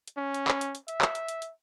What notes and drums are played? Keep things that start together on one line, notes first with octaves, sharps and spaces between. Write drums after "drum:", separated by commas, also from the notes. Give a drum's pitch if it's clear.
drum: hi-hat
C#4
drum: hi-hat
drum: clap
drum: hi-hat
drum: hi-hat
E5, drum: hi-hat
drum: clap
drum: hi-hat
drum: hi-hat
drum: hi-hat